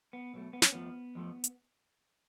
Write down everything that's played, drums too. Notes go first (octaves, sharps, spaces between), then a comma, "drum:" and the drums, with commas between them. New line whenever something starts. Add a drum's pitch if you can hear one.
B3
B1 B2 A3
B3
C#4, drum: snare
F2 F3 A3 B3
F2 F3 A3
drum: hi-hat